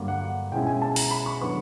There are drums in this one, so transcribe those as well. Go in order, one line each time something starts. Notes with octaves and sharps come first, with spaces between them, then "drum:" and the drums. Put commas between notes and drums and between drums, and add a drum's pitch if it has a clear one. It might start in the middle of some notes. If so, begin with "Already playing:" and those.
Already playing: G2 D3 F#3 A#3
F#5
B2 G#3 C#4 E4 G5
G#5
A5
A#5, drum: open hi-hat
B5
C#6
D3 F#3 B3 C#6